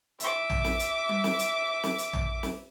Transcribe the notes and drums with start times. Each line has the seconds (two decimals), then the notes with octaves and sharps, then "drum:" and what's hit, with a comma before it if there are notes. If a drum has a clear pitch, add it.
0.20 E5 D6, drum: hi-hat
0.50 drum: tom A#1
0.64 drum: snare
0.79 drum: hi-hat
1.09 drum: tom G3
1.24 drum: snare
1.39 drum: hi-hat
1.83 drum: snare
1.98 drum: hi-hat
2.13 drum: tom A#1
2.43 drum: snare